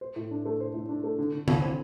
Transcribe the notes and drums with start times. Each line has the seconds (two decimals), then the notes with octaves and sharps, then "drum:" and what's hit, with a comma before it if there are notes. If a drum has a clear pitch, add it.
0.01 C5
0.16 A2
0.31 D4
0.46 A3
0.60 C5
0.74 A2
0.89 D4
1.04 A3
1.18 D3
1.33 D3
1.48 E4, drum: tom D3
1.61 C4